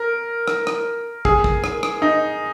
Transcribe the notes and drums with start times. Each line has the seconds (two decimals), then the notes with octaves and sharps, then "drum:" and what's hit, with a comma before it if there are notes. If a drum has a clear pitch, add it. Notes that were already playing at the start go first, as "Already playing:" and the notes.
Already playing: A#4
0.48 drum: rim click
0.67 drum: rim click
1.25 G#4, drum: kick
1.44 drum: kick
1.64 drum: rim click
1.83 drum: rim click
2.02 D#4